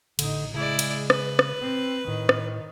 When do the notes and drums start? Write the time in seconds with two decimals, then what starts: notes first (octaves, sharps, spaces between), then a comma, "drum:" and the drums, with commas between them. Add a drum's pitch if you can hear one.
0.19 A1 D3 D#4, drum: cymbal
0.54 C#3 G#3 E4 D5
0.79 drum: cymbal
1.10 B4, drum: rim click
1.39 drum: rim click
1.62 C4
2.08 A2 D#3
2.29 drum: rim click